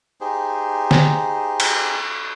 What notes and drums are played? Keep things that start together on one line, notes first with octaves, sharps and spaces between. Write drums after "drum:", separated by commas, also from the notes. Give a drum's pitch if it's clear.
D#4 G4 G#4 C5
drum: snare
drum: cymbal